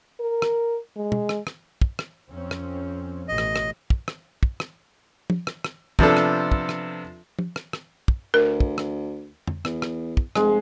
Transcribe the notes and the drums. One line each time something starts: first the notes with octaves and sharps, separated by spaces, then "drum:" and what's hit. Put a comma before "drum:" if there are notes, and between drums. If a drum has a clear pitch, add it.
A#4
drum: rim click
G#3
drum: tom
drum: rim click
drum: rim click
drum: kick
drum: rim click
F2 C4 C#4
drum: rim click
A1 B2 D#5
drum: rim click
drum: rim click
drum: kick
drum: rim click
drum: kick
drum: rim click
drum: tom
drum: rim click
drum: rim click
C3 F3 B3 D4 A4, drum: kick
drum: rim click
drum: kick
drum: rim click
drum: tom
drum: rim click
drum: rim click
drum: kick
D2 A#4
drum: kick
drum: rim click
drum: tom
E2, drum: rim click
drum: rim click
drum: kick
F1 G#3, drum: rim click